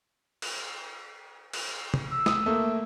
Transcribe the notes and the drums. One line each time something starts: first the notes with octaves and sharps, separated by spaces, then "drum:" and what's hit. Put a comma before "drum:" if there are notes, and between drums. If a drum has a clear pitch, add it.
drum: cymbal
drum: cymbal
drum: tom
E6
D#6, drum: snare
A3 A#3